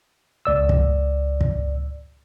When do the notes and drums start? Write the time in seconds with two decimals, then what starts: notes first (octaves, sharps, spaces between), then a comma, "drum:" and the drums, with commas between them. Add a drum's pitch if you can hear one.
0.45 C#2 D5 E6
0.69 drum: kick
1.41 drum: kick